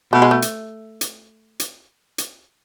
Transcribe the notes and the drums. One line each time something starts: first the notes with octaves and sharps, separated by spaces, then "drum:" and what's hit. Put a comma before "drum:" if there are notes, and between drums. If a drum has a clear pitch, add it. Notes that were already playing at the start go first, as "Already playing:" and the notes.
B2 A3
G#3
A3
drum: hi-hat
drum: hi-hat
drum: hi-hat
drum: hi-hat